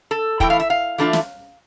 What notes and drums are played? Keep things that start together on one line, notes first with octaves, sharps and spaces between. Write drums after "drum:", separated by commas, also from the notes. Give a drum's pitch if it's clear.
A4
E3 A3 E4 G5, drum: kick
F5
E5
F5
E3 A3 D4 F4
drum: snare